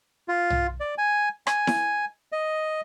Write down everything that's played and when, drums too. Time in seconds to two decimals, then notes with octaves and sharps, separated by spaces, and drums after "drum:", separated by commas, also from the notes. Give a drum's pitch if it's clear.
0.28 F4
0.50 drum: tom
0.80 D5
0.98 G#5
1.47 G#5, drum: rim click
1.67 drum: snare E4
2.32 D#5